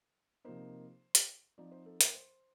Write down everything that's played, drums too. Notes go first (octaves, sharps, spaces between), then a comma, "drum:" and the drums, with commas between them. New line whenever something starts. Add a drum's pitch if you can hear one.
C3 F3 A#3 D#4 C5
drum: hi-hat
F3 C4 D#4 D5
C5
A4
A#4, drum: hi-hat
C5